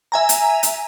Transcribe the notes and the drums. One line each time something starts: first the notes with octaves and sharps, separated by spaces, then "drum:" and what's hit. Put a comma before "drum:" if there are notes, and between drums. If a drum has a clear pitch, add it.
E5 G#5 A#5
drum: hi-hat
drum: hi-hat